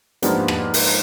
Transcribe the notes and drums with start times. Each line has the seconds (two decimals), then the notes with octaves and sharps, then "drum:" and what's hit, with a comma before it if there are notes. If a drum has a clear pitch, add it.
0.22 G#2 F3 A#3 B3 D4 G4, drum: hi-hat
0.48 drum: rim click
0.74 drum: open hi-hat